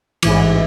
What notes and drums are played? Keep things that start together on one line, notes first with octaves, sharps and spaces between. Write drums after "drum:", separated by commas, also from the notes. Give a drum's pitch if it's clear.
A1 G#2 E3, drum: cymbal